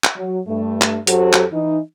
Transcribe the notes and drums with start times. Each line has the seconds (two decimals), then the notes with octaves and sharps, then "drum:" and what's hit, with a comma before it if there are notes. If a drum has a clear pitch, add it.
0.04 drum: clap
0.16 F#3
0.47 G2 A3
0.81 drum: clap
1.07 F#2 F#3 F#4 G4 A4 C5, drum: hi-hat
1.33 drum: clap
1.52 E3 D#4